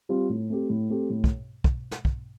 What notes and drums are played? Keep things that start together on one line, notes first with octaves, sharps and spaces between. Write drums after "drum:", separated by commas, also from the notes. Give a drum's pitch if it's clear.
G3 C4 F4
A2
A3 C4 G4
A2
A3 C4 G4
A2
drum: kick
drum: kick
drum: snare
drum: kick